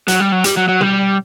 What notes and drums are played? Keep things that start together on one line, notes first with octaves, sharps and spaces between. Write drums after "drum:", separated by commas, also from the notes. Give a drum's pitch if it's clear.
F#3, drum: hi-hat
G3
F#3
G3, drum: hi-hat
F#3
F#3
G3, drum: tom